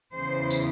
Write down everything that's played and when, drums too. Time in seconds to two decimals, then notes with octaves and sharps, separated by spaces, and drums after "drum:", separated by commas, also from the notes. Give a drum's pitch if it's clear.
0.14 E2 C#3 E3 C5
0.51 drum: tambourine